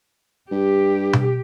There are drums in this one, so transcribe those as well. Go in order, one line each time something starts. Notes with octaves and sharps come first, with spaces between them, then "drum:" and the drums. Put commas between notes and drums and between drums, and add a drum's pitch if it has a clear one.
G2 G4
drum: tom B2